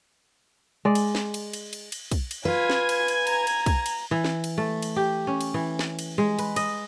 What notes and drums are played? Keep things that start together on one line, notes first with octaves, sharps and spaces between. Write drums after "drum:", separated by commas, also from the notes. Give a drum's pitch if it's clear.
G#3 D5
drum: cymbal
drum: snare
drum: cymbal
drum: cymbal
drum: cymbal
drum: cymbal
drum: kick, cymbal
drum: cymbal
F4 B4 G#5 G#6
drum: snare
drum: cymbal
drum: cymbal
A#5, drum: cymbal
drum: cymbal
drum: kick, cymbal
drum: cymbal
E3
drum: snare
drum: cymbal
A3
drum: cymbal
G4
C#4
drum: cymbal
E3
drum: snare
drum: cymbal
G#3
B4, drum: cymbal
D#5, drum: cymbal